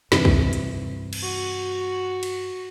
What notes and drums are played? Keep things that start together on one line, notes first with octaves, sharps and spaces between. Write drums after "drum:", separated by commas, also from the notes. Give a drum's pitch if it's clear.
G2 C3 E3, drum: snare
drum: kick
drum: hi-hat
drum: cymbal
F#4
drum: cymbal